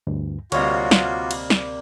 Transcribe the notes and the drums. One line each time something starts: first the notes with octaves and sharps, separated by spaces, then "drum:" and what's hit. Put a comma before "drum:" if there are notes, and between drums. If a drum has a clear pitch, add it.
D2 G2
D2 C3 G3 A#3 F4 F#4 C#5 D#5, drum: cymbal
drum: snare
drum: cymbal
drum: snare